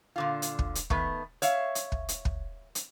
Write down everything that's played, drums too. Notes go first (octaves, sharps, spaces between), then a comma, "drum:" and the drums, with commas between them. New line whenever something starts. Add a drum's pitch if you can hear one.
A#2 D3 F4
drum: hi-hat
drum: kick
drum: hi-hat
D#3 A3 B3, drum: kick
C#5 E5 F5, drum: hi-hat
drum: hi-hat
drum: kick
drum: hi-hat
drum: kick
drum: hi-hat